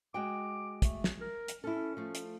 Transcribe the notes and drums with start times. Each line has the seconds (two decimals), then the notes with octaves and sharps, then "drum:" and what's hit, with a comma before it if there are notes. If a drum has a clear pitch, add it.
0.14 G#3 F#4 G5 D6
0.82 A3, drum: kick, hi-hat
1.04 drum: snare
1.21 A#4
1.48 drum: hi-hat
1.64 C#4 E4 A4
1.76 C#4
1.97 F3 A3
2.15 drum: hi-hat